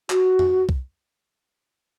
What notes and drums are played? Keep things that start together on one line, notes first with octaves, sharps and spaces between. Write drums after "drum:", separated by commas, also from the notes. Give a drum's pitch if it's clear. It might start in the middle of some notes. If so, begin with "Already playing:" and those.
F#4, drum: clap
drum: tom F2
drum: kick C2